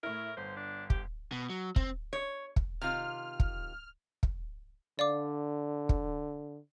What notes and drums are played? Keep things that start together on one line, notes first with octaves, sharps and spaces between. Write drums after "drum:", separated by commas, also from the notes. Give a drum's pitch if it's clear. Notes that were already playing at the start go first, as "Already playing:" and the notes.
A2 E4 A#4
G1 C5
D4
G4, drum: kick
B2
F#3
C4, drum: kick
C#5
drum: kick
C3 D#3 F4 F6
drum: kick
drum: kick
D3 D5 F5 D6
drum: kick